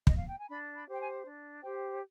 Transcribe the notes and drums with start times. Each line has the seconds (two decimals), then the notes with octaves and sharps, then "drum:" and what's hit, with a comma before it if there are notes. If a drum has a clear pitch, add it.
0.07 D#5, drum: kick
0.18 F5
0.28 G5
0.39 G#5
0.50 D4 B5
0.75 B5
0.88 G4 C5 G5
1.00 G#5
1.25 D4
1.62 G4 C5 G5